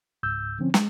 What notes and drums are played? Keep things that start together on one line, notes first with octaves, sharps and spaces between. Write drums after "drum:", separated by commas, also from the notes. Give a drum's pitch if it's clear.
C#2 G#2 E6 G6
D3 F3 C4 C#4
G#3, drum: snare